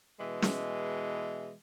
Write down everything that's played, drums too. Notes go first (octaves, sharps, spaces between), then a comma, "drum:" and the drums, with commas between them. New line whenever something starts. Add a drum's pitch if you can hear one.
B2 E3 G#3
drum: snare